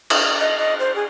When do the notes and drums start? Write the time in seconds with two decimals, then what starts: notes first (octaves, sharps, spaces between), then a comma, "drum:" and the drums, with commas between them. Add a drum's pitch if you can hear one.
0.10 drum: cymbal
0.40 D#5
0.59 D#5
0.80 C5
0.95 G#4